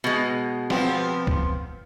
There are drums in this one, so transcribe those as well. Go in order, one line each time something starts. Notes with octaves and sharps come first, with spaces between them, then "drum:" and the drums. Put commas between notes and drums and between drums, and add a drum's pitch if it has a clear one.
B2 G#3
F3 B3 C4, drum: snare
drum: kick